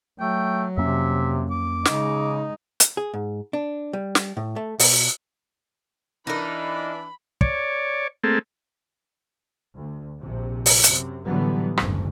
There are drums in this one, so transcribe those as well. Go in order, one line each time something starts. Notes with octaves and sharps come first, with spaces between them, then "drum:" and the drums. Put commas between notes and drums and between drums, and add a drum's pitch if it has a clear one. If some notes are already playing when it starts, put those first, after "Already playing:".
F#3 A3 G5
F2 C3 A#3 C#4 E5
D6
C#3 G#3 D#4, drum: snare
drum: hi-hat
G#4
G#2
D4
G3
drum: snare
A2
A3
B2, drum: open hi-hat
E3 D4 D#4 A#4 B5
C#5 D5, drum: kick
A3 A#3 C4 G#4 A4
D2
A#1 C3
drum: open hi-hat
F#2 C3, drum: hi-hat
A2 D3 E3 F#3 G3 B3
F#1 D2 G#2, drum: rim click